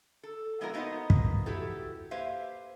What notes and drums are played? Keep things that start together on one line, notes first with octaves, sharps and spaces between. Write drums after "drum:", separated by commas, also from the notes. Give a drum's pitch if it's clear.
A4
F3 G#3 B3 E4 F#4 A#4
A#3 B3 D#4 C5 D#5 F#5
drum: kick
E4 F#4 G4 A4
A#3 G4 B4 C5 E5 F5